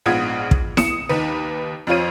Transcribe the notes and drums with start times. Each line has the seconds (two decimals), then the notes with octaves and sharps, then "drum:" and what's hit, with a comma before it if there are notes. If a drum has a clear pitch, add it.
0.06 A#1 G#2 B3 F4 D#6 G#6
0.51 drum: kick
0.77 D#6 C#7 E7, drum: snare E4
1.09 D#2 D#4 B4
1.87 F2 F3 F4 C#5 D#7